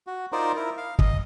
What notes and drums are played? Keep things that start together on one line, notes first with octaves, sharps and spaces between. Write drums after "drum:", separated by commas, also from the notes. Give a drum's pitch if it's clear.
F#4
D#4 F4 A#4 C5 D5
E4 A#4
F5
D#5, drum: kick